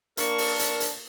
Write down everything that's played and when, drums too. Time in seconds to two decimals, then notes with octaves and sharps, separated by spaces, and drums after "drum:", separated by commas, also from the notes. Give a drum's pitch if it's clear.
0.17 A#3 D4 A#4 C#6, drum: hi-hat
0.38 drum: open hi-hat
0.59 drum: hi-hat
0.80 drum: hi-hat